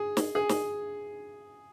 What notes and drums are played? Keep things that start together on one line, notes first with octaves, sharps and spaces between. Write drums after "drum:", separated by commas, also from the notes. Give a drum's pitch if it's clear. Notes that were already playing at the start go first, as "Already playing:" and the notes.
Already playing: G#4
drum: snare
G#4
drum: snare